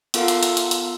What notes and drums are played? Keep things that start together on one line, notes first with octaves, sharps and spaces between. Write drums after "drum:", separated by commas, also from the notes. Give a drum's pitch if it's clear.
B3 F4 A4 A#4 F5 F#5, drum: hi-hat
drum: hi-hat
drum: hi-hat
drum: hi-hat
drum: hi-hat